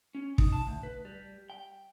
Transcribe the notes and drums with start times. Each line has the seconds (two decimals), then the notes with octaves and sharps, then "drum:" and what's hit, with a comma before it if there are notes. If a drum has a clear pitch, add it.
0.15 C#4
0.38 D#4, drum: kick
0.52 A5
0.67 D2
0.83 B4
1.05 G3
1.50 G5